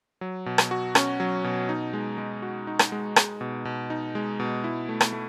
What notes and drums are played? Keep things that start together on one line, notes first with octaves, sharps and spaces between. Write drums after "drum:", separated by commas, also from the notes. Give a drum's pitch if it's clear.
F#3
B2
drum: rim click
F#4
C#4, drum: rim click
F#3
B2
D#4
G#3
G#3
F#4
D#4
drum: rim click
G#3
G#3, drum: rim click
B2
B2
D#4
G#3
B2
E4
A3
drum: rim click
A3